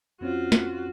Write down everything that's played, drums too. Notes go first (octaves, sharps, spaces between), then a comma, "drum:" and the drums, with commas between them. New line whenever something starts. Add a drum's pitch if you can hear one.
F2 C4 C#4 F4 F#4
drum: snare